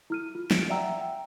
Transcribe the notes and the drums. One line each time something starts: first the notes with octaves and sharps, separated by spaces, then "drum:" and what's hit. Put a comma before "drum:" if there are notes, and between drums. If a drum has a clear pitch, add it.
E4 F6 D#7
F4
D7, drum: snare
D5 E5 F#5 G5 A#5 E6
G5